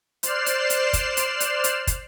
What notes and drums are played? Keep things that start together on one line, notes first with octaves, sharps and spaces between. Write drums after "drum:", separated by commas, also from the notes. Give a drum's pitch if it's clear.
C5 D5 F6 F#6 C7 E7, drum: hi-hat
drum: hi-hat
drum: hi-hat
drum: kick, hi-hat
drum: hi-hat
drum: hi-hat
drum: hi-hat
drum: kick, hi-hat